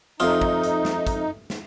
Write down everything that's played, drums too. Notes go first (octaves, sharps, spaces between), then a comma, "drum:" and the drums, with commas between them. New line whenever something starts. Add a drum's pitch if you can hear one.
F2 D#4 F4 A4 E5 D#6, drum: hi-hat
drum: kick
drum: hi-hat
drum: snare
drum: kick, hi-hat
drum: snare